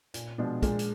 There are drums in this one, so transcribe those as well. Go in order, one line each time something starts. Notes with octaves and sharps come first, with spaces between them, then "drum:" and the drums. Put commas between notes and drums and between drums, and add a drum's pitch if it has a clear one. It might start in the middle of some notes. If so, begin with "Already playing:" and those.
A#2, drum: hi-hat
B2 F3 G#3 D4
A#2 G#3, drum: kick, hi-hat
drum: hi-hat